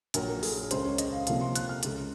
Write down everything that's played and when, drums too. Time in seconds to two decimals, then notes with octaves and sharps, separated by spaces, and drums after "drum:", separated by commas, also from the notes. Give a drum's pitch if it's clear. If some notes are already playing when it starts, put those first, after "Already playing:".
0.14 A#1 A#2 F#3 A#4, drum: hi-hat
0.28 A#4
0.43 G#4, drum: open hi-hat
0.57 A#4
0.71 C#2 C#3 G#3 C5, drum: hi-hat
0.85 C#5
0.98 D#5, drum: hi-hat
1.13 F5
1.27 C2 C3 F3 A#3 F5, drum: hi-hat
1.41 C6
1.55 F#6, drum: hi-hat
1.69 F6
1.83 C#2 C#3 G#3, drum: hi-hat